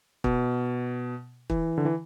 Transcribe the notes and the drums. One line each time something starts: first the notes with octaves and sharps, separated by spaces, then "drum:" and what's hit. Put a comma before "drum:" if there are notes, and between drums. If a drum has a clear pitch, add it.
B2, drum: kick
E3, drum: kick
D3
E3